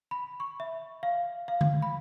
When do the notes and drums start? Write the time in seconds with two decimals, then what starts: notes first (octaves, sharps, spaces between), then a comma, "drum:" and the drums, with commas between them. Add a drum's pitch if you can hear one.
0.11 B5
0.40 C#6
0.60 E5
1.03 F5
1.48 F5
1.61 drum: tom D3
1.82 B5